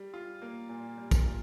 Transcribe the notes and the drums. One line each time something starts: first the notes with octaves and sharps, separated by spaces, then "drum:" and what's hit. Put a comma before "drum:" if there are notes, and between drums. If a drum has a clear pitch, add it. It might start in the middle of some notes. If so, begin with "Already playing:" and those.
Already playing: G3
F4
A#3
A#2
G3
drum: kick, tambourine
F4